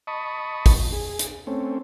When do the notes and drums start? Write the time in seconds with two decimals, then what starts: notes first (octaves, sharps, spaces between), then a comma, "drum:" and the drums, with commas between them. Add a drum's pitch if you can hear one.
0.07 D#5 A5 B5 C#6 D#6
0.66 drum: kick, open hi-hat
0.93 G#4
1.19 drum: hi-hat
1.47 A3 C4 C#4